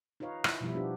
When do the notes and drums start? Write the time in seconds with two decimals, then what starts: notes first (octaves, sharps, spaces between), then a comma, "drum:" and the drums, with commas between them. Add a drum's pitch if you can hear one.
0.20 D#4 F4 B4 C#5 F5
0.44 E4, drum: rim click
0.61 B2 F3 G3 E4
0.74 B3 D4 F4 G4